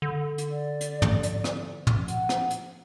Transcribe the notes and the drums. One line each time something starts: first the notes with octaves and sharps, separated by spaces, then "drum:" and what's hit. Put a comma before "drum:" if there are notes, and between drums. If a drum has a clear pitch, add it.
D3
drum: hi-hat
D5
drum: hi-hat
drum: tom
drum: hi-hat
drum: rim click
drum: tom
F#5, drum: hi-hat
drum: rim click
drum: hi-hat